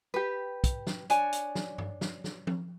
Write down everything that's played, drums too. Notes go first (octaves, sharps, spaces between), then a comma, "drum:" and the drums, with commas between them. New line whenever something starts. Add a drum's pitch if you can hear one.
G4 B4
drum: kick, hi-hat
drum: snare
D4 C#5 G#5, drum: hi-hat
drum: hi-hat
drum: snare
drum: tom G2
drum: snare
drum: snare
drum: tom F3